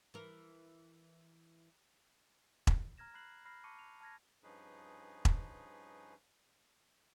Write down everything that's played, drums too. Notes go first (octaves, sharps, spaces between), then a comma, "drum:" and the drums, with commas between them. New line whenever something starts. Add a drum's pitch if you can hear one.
E3 A#4
drum: kick E1
A#5 F6 G#6 A#6 E7
B5 F#6 C7 F#7
B5 F6 A#6 C7
A5 C#6 D6 C#7 D#7
F7
A5 F6 G#6 A#6
G2 F3 C#4 D#4 G#4 B4
drum: kick E1